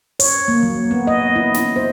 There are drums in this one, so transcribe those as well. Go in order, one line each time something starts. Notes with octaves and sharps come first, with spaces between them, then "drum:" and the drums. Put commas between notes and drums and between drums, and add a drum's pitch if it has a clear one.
C#5, drum: open hi-hat
A#3
F#3
B3
D#5
E4
F#3, drum: snare
C5